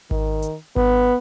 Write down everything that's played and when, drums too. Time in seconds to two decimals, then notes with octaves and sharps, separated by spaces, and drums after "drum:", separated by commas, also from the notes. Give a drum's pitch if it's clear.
0.11 D#3, drum: kick G#1
0.42 drum: hi-hat
0.76 B3, drum: kick G#1